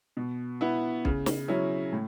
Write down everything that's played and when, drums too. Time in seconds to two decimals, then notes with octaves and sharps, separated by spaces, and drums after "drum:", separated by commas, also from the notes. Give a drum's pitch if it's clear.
0.17 B2
0.61 B3 E4
1.05 C#3, drum: kick
1.26 drum: snare
1.48 F#3 C#4 E4
1.93 A2